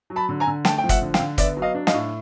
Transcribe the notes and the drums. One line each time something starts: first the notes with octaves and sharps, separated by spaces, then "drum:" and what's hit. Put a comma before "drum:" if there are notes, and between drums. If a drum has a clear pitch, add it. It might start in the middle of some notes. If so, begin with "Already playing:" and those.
F#3
A5 B5
D3
G#5 A#5
D3
A3 G5 A5, drum: snare
G5
F3
E5 F#5, drum: kick, hi-hat
D3
F5 G5, drum: snare
D3
B3 D5 E5, drum: kick, hi-hat
F#3
D#5 F5
D4
D#5 F5, drum: snare
A2